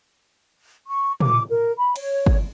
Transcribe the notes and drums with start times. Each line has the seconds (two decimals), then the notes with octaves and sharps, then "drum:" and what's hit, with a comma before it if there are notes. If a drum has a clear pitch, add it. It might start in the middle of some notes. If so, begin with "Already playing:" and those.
0.86 C#6
1.20 D6, drum: tom
1.49 A#4
1.76 B5
1.96 C#5, drum: cymbal
2.26 drum: kick